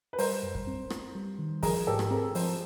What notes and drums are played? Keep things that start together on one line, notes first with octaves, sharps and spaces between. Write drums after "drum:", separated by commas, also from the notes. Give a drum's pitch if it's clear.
B4
G3 A#4 C5, drum: open hi-hat
F#2
drum: kick
C4
C4, drum: rim click
G3
D#3
F3 G#4 A#4, drum: kick, open hi-hat
G#2 G4 A4
drum: rim click
C4 G#4 A#4
F3 A#4 C5, drum: open hi-hat